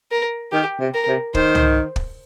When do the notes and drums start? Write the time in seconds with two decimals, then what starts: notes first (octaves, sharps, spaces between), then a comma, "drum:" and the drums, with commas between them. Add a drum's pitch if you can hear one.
0.12 A#4
0.52 D#3 G4
0.80 C3
0.94 A#4
1.08 C3
1.35 D#3 C5, drum: kick
1.55 drum: tom
1.96 drum: kick